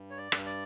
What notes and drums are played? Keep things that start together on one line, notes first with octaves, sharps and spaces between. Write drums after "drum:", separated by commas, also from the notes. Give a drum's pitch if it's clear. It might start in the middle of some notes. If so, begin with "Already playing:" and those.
Already playing: G2
C#5
D5
G2, drum: rim click
D5